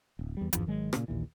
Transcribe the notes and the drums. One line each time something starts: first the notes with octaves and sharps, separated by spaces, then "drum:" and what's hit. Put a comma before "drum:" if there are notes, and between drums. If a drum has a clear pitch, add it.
D1
E2 G3
G#1 E2 G2 F3, drum: hi-hat
G#1 D#3 F#3 G#3
A#2 C#3, drum: rim click
A#1 D#2 A#2 E3